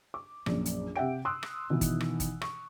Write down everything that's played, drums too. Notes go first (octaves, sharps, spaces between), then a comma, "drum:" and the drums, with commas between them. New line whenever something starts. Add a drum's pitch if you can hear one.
D6
A#1 F#2, drum: rim click
drum: hi-hat
C3 E5 F#5 G5 D7
C6 D#6 E6 F#6
drum: rim click
B2 D#3 E3
drum: kick, hi-hat
drum: rim click
drum: kick, hi-hat
C#6, drum: rim click